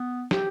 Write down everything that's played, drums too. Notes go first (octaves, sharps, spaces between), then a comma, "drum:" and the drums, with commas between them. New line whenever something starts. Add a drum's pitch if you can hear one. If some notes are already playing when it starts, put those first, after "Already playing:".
Already playing: B3
G4, drum: snare